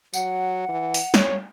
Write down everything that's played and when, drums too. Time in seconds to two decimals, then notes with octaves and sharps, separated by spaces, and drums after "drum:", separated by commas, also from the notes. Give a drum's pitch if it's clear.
0.14 F#3 F#5, drum: tambourine
0.69 E3
0.94 drum: open hi-hat
1.14 C#5, drum: snare